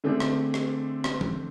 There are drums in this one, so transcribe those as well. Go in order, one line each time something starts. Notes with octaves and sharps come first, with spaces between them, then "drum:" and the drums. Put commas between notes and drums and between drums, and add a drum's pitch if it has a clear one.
D3 A3 C4 D4 G#4
drum: rim click
drum: rim click
drum: rim click
drum: tom